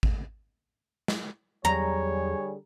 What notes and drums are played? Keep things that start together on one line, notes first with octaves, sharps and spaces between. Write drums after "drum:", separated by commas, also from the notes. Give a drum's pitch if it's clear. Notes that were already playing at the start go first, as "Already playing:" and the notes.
drum: kick G#1
drum: snare
E2 D3 F#3 G3 G#4 C#5 A#5